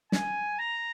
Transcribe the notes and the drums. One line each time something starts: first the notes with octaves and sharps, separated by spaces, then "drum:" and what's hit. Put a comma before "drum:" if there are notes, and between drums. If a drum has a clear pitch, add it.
G#5, drum: snare
A#5